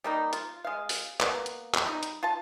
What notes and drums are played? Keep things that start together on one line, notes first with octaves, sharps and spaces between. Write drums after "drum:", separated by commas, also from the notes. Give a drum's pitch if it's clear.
G3 A#3 D#4
F4, drum: hi-hat
G#3 F5
drum: open hi-hat
A#3 B3, drum: clap
drum: hi-hat
drum: clap
G3 D#4
drum: hi-hat
F4 A5